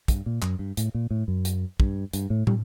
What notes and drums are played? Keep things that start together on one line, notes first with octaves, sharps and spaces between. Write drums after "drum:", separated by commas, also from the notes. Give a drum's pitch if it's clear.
G2, drum: kick, hi-hat
A#2
F#2, drum: clap
G2
A2, drum: hi-hat
A#2
A2
F#2
drum: hi-hat
G2, drum: kick
G2, drum: hi-hat
A2
G3, drum: tom